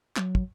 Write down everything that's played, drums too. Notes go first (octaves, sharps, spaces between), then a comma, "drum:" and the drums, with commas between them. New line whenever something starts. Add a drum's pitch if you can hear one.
F#3, drum: clap
drum: kick